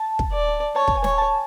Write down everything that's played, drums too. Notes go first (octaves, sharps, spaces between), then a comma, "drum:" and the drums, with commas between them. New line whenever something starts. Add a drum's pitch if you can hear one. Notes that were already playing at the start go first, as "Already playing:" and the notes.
Already playing: A5
drum: kick
D5
C#5 A5
A5, drum: kick
G#5
C#5, drum: snare
A5